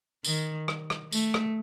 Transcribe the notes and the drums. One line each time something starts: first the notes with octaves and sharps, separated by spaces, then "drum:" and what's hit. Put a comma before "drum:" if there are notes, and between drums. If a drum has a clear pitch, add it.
D#3, drum: tambourine
drum: rim click
drum: rim click
A3, drum: tambourine
drum: rim click